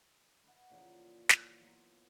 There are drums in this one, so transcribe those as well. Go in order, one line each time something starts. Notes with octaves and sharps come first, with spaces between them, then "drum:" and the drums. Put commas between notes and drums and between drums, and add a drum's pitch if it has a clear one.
B4 D#5 E5 F#5
A#2 C#3 E3 F3
drum: snare
F#3 B3 F4